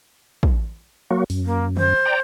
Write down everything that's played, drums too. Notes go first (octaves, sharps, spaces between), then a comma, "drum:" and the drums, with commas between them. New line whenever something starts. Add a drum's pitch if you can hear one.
drum: kick
F#3 A#3 F#4
F#2, drum: open hi-hat
A#3
C5, drum: tom D3
D5 G5 A#5